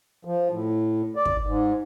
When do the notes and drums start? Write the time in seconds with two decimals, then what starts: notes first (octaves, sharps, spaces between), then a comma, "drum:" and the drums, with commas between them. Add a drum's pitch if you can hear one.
0.25 F3
0.50 A2
1.16 D5
1.25 drum: kick
1.47 G#2